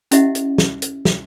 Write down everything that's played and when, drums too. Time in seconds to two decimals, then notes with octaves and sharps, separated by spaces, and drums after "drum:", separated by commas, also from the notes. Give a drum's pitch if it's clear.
0.11 C#4 E4 G4 D#5 E5 F#5, drum: hi-hat
0.35 drum: hi-hat
0.58 drum: snare
0.82 drum: hi-hat
1.05 drum: snare